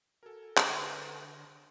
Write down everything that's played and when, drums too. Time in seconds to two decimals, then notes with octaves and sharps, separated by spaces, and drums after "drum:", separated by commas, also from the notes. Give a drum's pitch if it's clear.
0.23 F#4 A4 A#4 G#5
0.57 D3 B4 C5 F#5 A#6, drum: clap